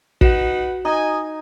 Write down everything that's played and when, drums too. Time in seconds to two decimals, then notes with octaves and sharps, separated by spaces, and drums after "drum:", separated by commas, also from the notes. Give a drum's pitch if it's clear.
0.21 D#4 F#4 B4 F#5, drum: kick
0.85 D#4 D#5 G#5